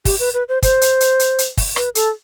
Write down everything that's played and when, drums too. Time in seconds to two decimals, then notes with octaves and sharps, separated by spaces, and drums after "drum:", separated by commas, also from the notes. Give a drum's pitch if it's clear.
0.05 G4, drum: kick, open hi-hat
0.19 B4
0.34 B4
0.48 C5
0.63 C5, drum: kick, hi-hat
0.81 drum: hi-hat
1.00 drum: hi-hat
1.19 drum: hi-hat
1.38 drum: hi-hat
1.57 drum: kick, open hi-hat
1.76 B4, drum: rim click
1.95 A4, drum: hi-hat